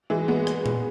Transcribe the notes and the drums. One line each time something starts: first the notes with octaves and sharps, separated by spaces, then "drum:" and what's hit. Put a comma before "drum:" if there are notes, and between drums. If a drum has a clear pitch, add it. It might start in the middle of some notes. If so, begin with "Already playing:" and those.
E3 G#3
G#3 B3
drum: rim click
drum: tom A#2